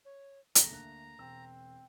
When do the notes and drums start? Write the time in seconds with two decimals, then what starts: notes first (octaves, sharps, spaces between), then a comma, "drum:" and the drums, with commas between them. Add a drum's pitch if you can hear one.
0.05 C#5
0.55 E2 A3 A4 A#5 B6, drum: hi-hat
0.71 D2 A#3 F#6
1.18 E1 C4 E6